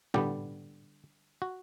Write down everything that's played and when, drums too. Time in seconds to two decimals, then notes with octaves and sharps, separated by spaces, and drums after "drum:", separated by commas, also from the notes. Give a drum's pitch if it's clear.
0.14 D3 G3 B3 G4, drum: tom
1.42 F#4